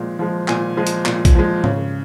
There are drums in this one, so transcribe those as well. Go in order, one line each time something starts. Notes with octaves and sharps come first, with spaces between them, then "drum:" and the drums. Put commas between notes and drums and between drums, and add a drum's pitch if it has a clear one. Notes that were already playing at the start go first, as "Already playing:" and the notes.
Already playing: A#2 F3 G#3
F3 G#3
A#2 G#5, drum: clap
F3 G#3
drum: hi-hat
A#2, drum: clap
drum: kick A#1, hi-hat
F3 G#3
C#3, drum: tom G#2